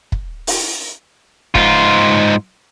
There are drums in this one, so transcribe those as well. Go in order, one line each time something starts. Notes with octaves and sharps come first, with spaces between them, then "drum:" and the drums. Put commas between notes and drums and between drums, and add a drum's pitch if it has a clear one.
drum: kick
drum: open hi-hat
G#2 F4, drum: kick